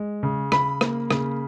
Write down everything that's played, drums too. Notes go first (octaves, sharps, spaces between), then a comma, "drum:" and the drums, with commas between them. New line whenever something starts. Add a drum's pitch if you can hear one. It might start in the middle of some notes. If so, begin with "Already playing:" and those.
Already playing: G#3
C#3
C#3 B5, drum: rim click
A#3, drum: rim click
C#3, drum: rim click